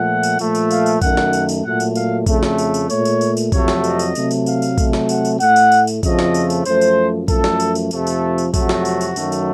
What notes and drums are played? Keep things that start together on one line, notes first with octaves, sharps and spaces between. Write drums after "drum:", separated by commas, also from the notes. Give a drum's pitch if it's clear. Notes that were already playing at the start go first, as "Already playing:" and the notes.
Already playing: A#2 F3 A3 F#5
drum: tambourine
A#2 F3 A3, drum: tambourine
drum: tambourine
F5, drum: tambourine
drum: tambourine
F#2 D#3 A3 F#5, drum: kick, tambourine
drum: snare
drum: tambourine
drum: tambourine
A#2 F#3 A3 F#5
drum: tambourine
F5, drum: tambourine
F2 C#3 A3, drum: kick, tambourine
drum: snare
drum: tambourine
drum: tambourine
A#2 A3 C#5, drum: tambourine
drum: tambourine
drum: tambourine
drum: tambourine
F2 C3 F#3 A3 C#5, drum: kick, tambourine
drum: snare
D#5, drum: tambourine
drum: tambourine
C3 F#3 A3, drum: tambourine
drum: tambourine
F5, drum: tambourine
drum: tambourine
C3 F#3 A3, drum: kick, tambourine
drum: snare
F#5, drum: tambourine
drum: tambourine
A2 A3 F#5, drum: tambourine
drum: tambourine
drum: tambourine
drum: tambourine
F2 C#3 F3 A3 D#5, drum: kick, tambourine
drum: snare
drum: tambourine
drum: tambourine
F#2 F3 A3 C5, drum: tambourine
drum: tambourine
F#2 F3 A3 A4, drum: kick, tambourine
drum: snare
drum: tambourine
drum: tambourine
F2 C3 F3 A3 A4, drum: tambourine
drum: tambourine
drum: tambourine
F2 C3 F#3 A3 F#4, drum: kick, tambourine
drum: snare
drum: tambourine
drum: tambourine
F#2 D#3 F#3 A3, drum: tambourine
drum: tambourine